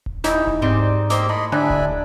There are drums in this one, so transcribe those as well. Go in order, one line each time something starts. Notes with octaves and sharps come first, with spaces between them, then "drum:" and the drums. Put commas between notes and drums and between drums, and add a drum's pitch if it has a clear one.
drum: kick D#1
E3 D#4 E4, drum: snare
drum: kick D#1
G#2 G3 C4
A#3 G4 C5 D#5 E6, drum: snare
A2 D#5 B5 C6
D3 D4 E5 G#5 B5
drum: kick D#1